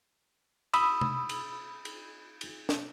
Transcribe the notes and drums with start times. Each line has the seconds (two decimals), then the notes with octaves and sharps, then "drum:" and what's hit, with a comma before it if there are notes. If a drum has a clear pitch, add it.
0.74 B5 D#6 E6, drum: cymbal
1.01 drum: tom C3
1.29 drum: cymbal
1.85 drum: cymbal
2.41 drum: cymbal
2.69 drum: snare